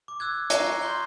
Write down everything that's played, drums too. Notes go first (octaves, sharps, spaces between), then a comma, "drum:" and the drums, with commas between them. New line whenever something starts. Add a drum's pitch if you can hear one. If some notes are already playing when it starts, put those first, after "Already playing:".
D6
E6 F#6 G#6
A#5 C#6 G#6 A#6 C7, drum: hi-hat
C6 G6 G7